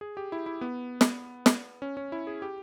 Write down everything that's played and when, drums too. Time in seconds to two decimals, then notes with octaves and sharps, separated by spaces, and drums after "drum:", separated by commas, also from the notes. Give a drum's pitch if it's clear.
0.01 G#4
0.17 G4
0.32 E4
0.46 E4
0.61 B3
1.01 drum: snare
1.46 drum: snare
1.82 C#4
1.97 C#4
2.12 E4
2.27 G#4
2.42 G4